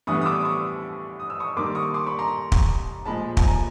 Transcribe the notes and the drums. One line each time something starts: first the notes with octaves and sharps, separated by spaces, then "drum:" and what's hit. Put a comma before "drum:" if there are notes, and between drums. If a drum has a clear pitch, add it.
A2 E3 G3 B3 D4 C#6 D#6
D#6
D6 E6
C#6 D#6
D#6
E6
C#6 D#6
D#3 G3 A#3 C6 D6
C#6 D#6
C6 D6
B5 C#6
A#5 C6
drum: kick
A#2 F3 G#3 A5 B5
A5, drum: kick
G#5 A#5